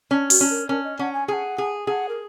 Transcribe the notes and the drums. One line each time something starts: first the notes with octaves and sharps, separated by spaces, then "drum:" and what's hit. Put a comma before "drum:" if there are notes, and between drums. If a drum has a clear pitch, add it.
C#4
F#4, drum: open hi-hat
C#4
A#4
C#4 A#4
D#5
C#4 F#5
G#5
G#4 F#5 G#5
G#4
G#4 F#5
A#4